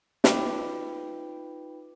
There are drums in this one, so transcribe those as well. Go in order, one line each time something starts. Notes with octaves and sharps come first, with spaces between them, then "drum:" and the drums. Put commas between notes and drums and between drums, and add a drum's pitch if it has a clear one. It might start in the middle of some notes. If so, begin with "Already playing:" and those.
D#4 F4 B4 G5 B5 D6, drum: snare